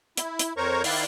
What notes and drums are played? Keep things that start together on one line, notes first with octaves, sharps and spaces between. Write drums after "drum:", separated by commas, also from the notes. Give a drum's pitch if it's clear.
E4, drum: hi-hat
drum: hi-hat
F2 A#4 C5 C#5 A#5 C#6
D#3 E4 D5 F5 F#6, drum: open hi-hat